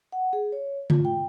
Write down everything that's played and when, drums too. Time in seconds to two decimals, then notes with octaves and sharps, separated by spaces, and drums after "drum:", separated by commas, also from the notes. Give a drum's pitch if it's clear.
0.12 F#5
0.33 G#4
0.52 C#5
0.90 F4, drum: tom D3
1.05 G5